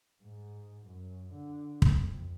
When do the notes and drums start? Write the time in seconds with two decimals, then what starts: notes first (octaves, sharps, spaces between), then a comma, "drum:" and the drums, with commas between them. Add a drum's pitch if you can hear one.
0.23 G#2
0.86 F#2
1.33 D3
1.82 drum: kick
1.91 F2